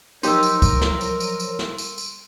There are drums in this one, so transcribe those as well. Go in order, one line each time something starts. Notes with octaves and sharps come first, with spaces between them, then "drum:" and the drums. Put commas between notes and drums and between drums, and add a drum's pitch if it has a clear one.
F3 F#3 D#4 G4 A#4 C6 E6, drum: tambourine
drum: tambourine
drum: kick C#2, tambourine
drum: snare
drum: tambourine
drum: tambourine
drum: tambourine
drum: snare
drum: tambourine
drum: tambourine